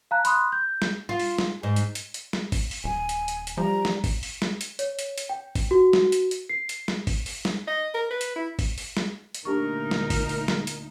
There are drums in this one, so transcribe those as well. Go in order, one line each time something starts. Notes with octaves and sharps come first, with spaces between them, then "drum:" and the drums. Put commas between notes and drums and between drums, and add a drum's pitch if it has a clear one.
F5 A5 A#5 F#6
B5 C6 D#6 F#6, drum: hi-hat
G6
drum: snare
F4
drum: open hi-hat
drum: snare
G#2
drum: hi-hat
drum: hi-hat
drum: hi-hat
drum: snare
drum: kick, open hi-hat
drum: open hi-hat
D#1 G#5
drum: hi-hat
drum: hi-hat
drum: hi-hat
F3 G3 A#5
drum: snare
drum: kick, open hi-hat
drum: open hi-hat
drum: snare
drum: hi-hat
C#5, drum: hi-hat
drum: hi-hat
drum: hi-hat
G5
drum: kick, open hi-hat
F#4
drum: snare
drum: hi-hat
drum: hi-hat
C7
drum: hi-hat
drum: snare
drum: kick, open hi-hat
drum: open hi-hat
drum: snare
D#5
A#4
B4
drum: hi-hat
E4
drum: kick, open hi-hat
drum: open hi-hat
drum: snare
drum: hi-hat
D2 A#2 D4 D#4 G4 A#4 C#6
drum: snare
drum: kick, open hi-hat
drum: open hi-hat
drum: snare
drum: hi-hat